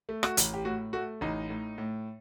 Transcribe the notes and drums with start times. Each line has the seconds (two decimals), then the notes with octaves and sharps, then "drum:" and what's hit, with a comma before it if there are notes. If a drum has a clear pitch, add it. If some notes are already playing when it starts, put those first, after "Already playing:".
0.09 A3
0.23 F#4, drum: rim click
0.37 A1, drum: hi-hat
0.54 G4
0.65 A2 F#4
0.93 A3 F#4
1.21 A1 D#4
1.50 A2
1.78 A2